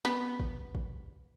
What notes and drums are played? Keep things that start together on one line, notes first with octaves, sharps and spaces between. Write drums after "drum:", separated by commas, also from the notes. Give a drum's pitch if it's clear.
B3, drum: snare
drum: kick
drum: kick